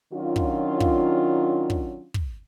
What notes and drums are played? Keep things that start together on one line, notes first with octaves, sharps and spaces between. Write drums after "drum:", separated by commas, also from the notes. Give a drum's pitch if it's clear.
D#3 F#3 C#4 D4 F4
drum: kick
drum: kick
drum: kick
drum: kick